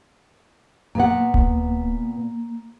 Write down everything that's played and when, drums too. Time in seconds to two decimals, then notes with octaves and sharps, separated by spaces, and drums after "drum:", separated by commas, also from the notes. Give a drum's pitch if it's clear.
0.95 A#2 A#3 B3 F#5
1.34 drum: kick D1